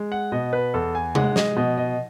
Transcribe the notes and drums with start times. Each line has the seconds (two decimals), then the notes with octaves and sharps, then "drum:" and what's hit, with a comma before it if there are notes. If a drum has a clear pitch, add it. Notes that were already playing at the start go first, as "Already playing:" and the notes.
Already playing: G#3
0.12 F#5
0.32 B2 D#5
0.53 B4
0.74 E2 A4
0.95 G#5
1.15 G#3 F#5, drum: tom C3
1.36 D#5, drum: snare
1.56 B2 D#5
1.78 D#5